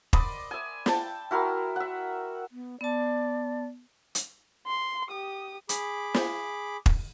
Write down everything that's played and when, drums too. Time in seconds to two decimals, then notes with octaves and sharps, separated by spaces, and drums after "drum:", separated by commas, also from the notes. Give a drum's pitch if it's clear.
0.13 D5 D#5 B5 C6, drum: kick
0.51 E5 G#5
0.86 G5 A5, drum: snare
1.31 E4 F#4 A#4 C6
1.76 E5 F#5
2.52 B3
2.81 B3 D5 A5
4.15 drum: hi-hat
4.67 C6
5.09 G4 D#6
5.69 G#4 B5 D6, drum: hi-hat
6.14 drum: snare
6.86 drum: kick